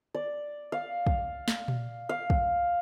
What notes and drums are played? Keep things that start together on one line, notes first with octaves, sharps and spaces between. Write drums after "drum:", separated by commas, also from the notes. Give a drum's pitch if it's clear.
D5
F5
drum: kick
drum: snare
drum: tom A#2
F5
drum: kick